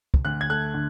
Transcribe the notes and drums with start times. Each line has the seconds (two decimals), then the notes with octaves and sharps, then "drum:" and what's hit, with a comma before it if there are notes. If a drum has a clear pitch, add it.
0.14 drum: kick
0.25 D2 F#6
0.41 G#6
0.50 A3 F#6
0.74 D3